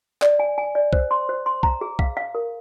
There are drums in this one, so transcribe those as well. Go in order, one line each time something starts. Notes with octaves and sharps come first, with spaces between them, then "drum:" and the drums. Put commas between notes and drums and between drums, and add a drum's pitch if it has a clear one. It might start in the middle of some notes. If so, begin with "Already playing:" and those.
D5, drum: clap
G#5
G#5
D5
C5, drum: kick B1
C6
C5
C6
A#5, drum: kick B1
G#4
F5, drum: kick B1
F5
A#4